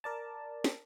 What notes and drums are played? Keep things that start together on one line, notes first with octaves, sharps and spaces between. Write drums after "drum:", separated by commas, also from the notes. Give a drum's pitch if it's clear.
A#4 D5 A5
drum: snare